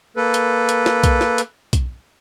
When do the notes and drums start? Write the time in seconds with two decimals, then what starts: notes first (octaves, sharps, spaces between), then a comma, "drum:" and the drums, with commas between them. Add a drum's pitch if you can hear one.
0.17 A#3 A4 B4
0.34 drum: hi-hat
0.69 drum: hi-hat
0.86 drum: snare
1.04 drum: kick B1, hi-hat
1.21 drum: snare
1.38 drum: hi-hat
1.73 drum: kick B1, hi-hat